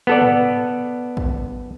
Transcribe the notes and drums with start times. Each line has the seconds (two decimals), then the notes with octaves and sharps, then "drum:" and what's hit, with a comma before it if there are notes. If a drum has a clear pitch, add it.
0.07 B3 A4 D5
0.22 drum: tom G#2
1.17 drum: kick